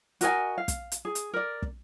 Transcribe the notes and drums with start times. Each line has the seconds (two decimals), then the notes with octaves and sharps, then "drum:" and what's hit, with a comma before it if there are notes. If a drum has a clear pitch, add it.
0.21 F#4 A#4 D#5 G#5, drum: hi-hat
0.58 F5
0.68 drum: kick, hi-hat
0.92 drum: hi-hat
1.05 G#4
1.15 drum: hi-hat
1.34 A#4 D5
1.62 drum: kick